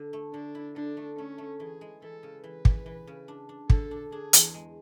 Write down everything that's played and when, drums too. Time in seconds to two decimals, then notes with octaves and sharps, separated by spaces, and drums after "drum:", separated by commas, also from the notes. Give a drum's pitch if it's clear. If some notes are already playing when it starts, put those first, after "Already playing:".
Already playing: D3
0.13 A3
0.34 D3 D4
0.55 E4
0.76 D3 D4
0.97 A3
1.18 A3 C#4
1.38 A3
1.60 E3 G#4
1.81 G#3
2.02 E3 A4
2.23 C#3
2.43 E3 B4
2.65 E3, drum: kick
2.86 E3
3.07 C#3
3.28 D4
3.49 D4
3.70 D3 A4, drum: kick
3.91 D4
4.12 D4 G#4
4.33 E2, drum: hi-hat
4.54 G#3